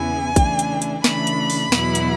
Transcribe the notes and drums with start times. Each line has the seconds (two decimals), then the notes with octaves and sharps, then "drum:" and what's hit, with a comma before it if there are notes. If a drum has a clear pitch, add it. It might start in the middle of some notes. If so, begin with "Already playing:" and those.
Already playing: E2 C#3 E3 B3 E4 G#5
0.36 C#3 E3 A3 D4, drum: kick, hi-hat
0.59 drum: hi-hat
0.82 drum: hi-hat
1.04 C#3 E3 A3 D4 B5, drum: snare
1.27 drum: hi-hat
1.50 drum: open hi-hat
1.72 E2 B2 F#3 B3 E4, drum: snare
1.95 drum: hi-hat